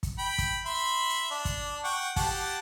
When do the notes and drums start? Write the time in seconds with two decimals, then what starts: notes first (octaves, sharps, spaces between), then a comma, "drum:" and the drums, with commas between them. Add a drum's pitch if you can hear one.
0.03 drum: kick, hi-hat
0.19 G5 B5
0.38 drum: kick, hi-hat
0.66 E5 B5 C6
1.10 drum: hi-hat
1.31 D4
1.45 drum: kick, hi-hat
1.84 F#5 G5 C#6
2.16 G4 F#5 A5, drum: kick, open hi-hat